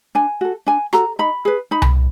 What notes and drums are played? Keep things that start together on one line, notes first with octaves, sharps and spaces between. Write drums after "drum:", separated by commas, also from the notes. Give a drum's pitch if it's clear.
D4 G#5
F#4 A4
D4 G#5
F#4 A4 A#5, drum: rim click
D#4 B5
G#4 B4
D#4 B5
drum: tom C2